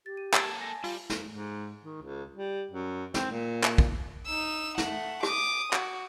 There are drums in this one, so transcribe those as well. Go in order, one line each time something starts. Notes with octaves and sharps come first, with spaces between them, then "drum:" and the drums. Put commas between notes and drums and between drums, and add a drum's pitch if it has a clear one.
G4 A6
D#7
A#3 A4 G#6 A6 D7, drum: clap
G#5 A5 A#6
G3 F4, drum: open hi-hat
drum: snare
G#2
D#3
C#2
G3
F#2
C4, drum: snare
A#2
drum: clap
drum: kick
D#4 E6
A3 F#5, drum: snare
D6 D#6, drum: rim click
F#4, drum: clap